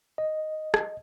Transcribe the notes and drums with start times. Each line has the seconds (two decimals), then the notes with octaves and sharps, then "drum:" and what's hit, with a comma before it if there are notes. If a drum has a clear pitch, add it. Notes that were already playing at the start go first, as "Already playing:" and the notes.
0.18 D#5
0.74 drum: rim click